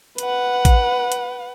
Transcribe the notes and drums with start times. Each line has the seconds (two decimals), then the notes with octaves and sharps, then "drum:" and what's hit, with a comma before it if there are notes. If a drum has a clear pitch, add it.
0.18 B4 F#5, drum: hi-hat
0.65 drum: kick A1, hi-hat
1.12 drum: hi-hat